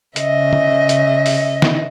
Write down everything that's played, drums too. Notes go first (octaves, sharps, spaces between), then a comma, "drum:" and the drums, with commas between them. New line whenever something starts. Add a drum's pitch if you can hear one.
C#3 D#5 E5, drum: hi-hat
drum: tom C#3
drum: hi-hat
drum: open hi-hat
drum: snare